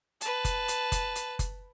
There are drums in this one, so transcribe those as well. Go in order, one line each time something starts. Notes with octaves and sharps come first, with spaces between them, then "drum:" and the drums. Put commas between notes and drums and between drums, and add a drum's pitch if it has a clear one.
B4 A5, drum: hi-hat
drum: kick F#1, hi-hat
drum: hi-hat
drum: kick F#1, hi-hat
drum: hi-hat
drum: kick F#1, hi-hat